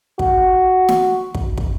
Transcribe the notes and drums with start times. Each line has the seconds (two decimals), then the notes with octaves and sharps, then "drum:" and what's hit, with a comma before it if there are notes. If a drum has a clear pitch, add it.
0.19 F#4, drum: kick
0.89 drum: snare
1.35 drum: kick
1.58 drum: kick